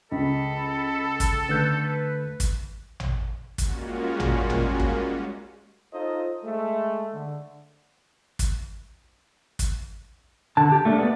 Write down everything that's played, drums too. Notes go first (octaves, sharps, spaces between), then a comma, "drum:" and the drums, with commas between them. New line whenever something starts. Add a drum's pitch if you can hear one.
C#2 A4 D#5 B5
drum: kick, hi-hat
D3 A3 B4 G6
drum: kick, hi-hat
drum: tom A1
G3 G#3 A#3 C#4 F4 F#4, drum: kick, hi-hat
drum: tom A1
drum: tom A1
drum: kick
D#4 F4 A4 C5 D#5
G#3 A3
D3
drum: kick, hi-hat
drum: kick, hi-hat
D3 A5
G4
A3 A#3 D4
A#3 B3 D5